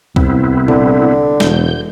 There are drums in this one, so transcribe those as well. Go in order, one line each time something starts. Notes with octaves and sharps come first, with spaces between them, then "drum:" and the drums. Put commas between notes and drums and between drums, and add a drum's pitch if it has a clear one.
C2 B3 C4 E4, drum: kick C#2
D3, drum: tom A#2
E1 G6, drum: snare